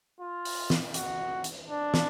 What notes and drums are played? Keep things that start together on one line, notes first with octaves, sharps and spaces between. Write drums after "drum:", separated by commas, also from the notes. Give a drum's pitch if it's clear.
F4
drum: open hi-hat
drum: snare
F#4, drum: hi-hat
drum: hi-hat
D4
drum: snare